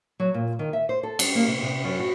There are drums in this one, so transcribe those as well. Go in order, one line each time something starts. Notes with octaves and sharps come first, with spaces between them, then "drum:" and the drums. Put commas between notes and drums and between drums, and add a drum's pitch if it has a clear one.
F#3
A#2
D#3
E5
C5
A4
G3, drum: cymbal
A#3
C3
C3
F#2
F#4